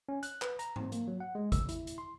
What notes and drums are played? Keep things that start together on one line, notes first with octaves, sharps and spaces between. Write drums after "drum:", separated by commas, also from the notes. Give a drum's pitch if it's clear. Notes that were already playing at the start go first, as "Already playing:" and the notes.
C#4
F#6, drum: hi-hat
B4, drum: clap
A#5, drum: hi-hat
C4, drum: tom G#2
A#3, drum: hi-hat
F#3
F#5
G#3
E6, drum: kick G#1, hi-hat
E4, drum: hi-hat
drum: hi-hat
C6